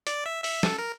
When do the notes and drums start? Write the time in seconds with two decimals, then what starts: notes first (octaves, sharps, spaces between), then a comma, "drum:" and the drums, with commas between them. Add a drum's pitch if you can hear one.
0.07 D5, drum: hi-hat
0.26 E5
0.44 E5, drum: open hi-hat
0.63 A4, drum: snare
0.79 A#4